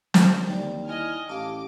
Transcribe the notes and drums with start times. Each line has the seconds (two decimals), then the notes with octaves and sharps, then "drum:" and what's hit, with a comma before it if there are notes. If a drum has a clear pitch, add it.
0.14 D3 G3, drum: snare
0.48 D#2 D5 G5
0.85 E4 D#5 G#5 F6
1.29 A1 G4 F5 A5 D6